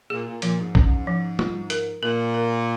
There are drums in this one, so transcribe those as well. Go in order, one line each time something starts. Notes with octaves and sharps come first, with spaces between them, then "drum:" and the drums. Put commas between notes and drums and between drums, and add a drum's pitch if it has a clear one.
A#2 G#4
A#2
A#2 F3, drum: hi-hat
G#2
C#4, drum: kick A#1
F3
F4, drum: tom
A#4, drum: hi-hat
A#2 A#4
A#4